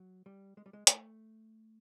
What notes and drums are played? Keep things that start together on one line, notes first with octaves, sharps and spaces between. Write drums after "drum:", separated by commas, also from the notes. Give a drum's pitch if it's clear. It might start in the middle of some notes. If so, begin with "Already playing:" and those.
Already playing: F#3
G3
G#3
G3
G#3
A3, drum: hi-hat